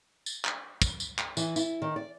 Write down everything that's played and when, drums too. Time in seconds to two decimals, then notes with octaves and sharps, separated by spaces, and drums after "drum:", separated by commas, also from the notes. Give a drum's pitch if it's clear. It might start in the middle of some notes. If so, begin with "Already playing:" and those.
0.26 drum: tambourine
0.45 drum: clap
0.82 drum: kick, tambourine
1.00 drum: tambourine
1.18 drum: clap
1.37 E3, drum: tambourine
1.56 E4, drum: tambourine
1.82 D#3
1.96 D5